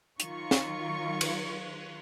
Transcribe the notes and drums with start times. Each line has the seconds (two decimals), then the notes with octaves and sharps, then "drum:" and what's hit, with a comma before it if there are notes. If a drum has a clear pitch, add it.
0.20 D#3 F#3 F4 C#6, drum: hi-hat
0.51 drum: snare
1.21 drum: cymbal